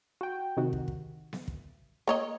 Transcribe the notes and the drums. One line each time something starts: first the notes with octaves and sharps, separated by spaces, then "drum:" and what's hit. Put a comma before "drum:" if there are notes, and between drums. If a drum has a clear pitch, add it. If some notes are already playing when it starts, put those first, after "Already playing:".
F#4 G5
C3 D#3 F#4
drum: kick
drum: kick
drum: snare B3
drum: kick
A#3 C#5 D#5